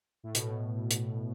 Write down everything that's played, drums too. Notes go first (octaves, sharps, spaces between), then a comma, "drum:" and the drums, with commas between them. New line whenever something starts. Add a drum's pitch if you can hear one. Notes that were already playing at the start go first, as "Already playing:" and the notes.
A2
B2, drum: hi-hat
A2
drum: hi-hat